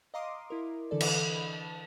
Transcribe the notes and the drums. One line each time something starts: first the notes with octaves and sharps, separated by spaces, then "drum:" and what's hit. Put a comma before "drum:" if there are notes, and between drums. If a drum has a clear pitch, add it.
D#5 F5 A#5 C6 D6 D#6
E4 A#4
D3 E3 A4 D5
drum: cymbal
A4 D#5 B5
A5